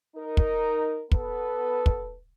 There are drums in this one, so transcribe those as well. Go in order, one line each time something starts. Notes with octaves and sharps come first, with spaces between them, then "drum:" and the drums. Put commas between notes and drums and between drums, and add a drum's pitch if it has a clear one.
D#4 A#4
drum: kick
B3 A4 B4, drum: kick
drum: kick